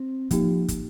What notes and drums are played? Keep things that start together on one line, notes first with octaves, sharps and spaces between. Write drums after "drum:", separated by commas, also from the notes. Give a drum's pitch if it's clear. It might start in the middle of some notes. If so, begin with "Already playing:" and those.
Already playing: C4
F3 A#3 D#4 G4, drum: kick, hi-hat
drum: kick, hi-hat